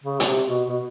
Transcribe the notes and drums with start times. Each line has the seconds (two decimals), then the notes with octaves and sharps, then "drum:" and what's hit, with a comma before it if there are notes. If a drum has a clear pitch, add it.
0.04 C#3
0.20 B2, drum: hi-hat
0.25 C3
0.47 B2
0.69 B2